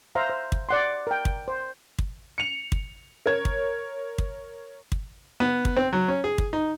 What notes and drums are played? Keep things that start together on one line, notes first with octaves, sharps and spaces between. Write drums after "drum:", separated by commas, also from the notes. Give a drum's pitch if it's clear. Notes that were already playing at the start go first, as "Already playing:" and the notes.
C5 E5 F5 A#5
C5
drum: kick
D5 F#5 C6
A#4 G5
drum: kick
C5
drum: kick
C#7 F7
drum: kick
A#4 C#5 G#6
drum: kick
drum: kick
drum: kick
B3
drum: kick
C4
F#3
C#4
G#4
drum: kick
D#4